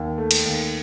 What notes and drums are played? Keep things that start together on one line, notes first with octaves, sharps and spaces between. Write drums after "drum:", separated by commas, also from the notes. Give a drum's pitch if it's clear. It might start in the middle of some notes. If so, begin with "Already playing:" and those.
Already playing: D#2
A3
drum: cymbal
D#2